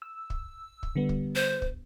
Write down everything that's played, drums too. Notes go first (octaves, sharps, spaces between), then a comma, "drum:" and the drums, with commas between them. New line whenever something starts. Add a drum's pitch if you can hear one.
E6
drum: kick
drum: kick
D3 G3 B3
drum: kick
C5
drum: kick